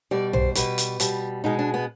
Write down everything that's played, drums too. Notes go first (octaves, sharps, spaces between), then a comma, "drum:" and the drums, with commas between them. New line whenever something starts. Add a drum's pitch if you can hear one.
B2 G3 D5
C5, drum: tom B1
B2 G3 B4, drum: hi-hat
drum: hi-hat
B2 G3, drum: hi-hat
B2 G#3 D#4
D4
B3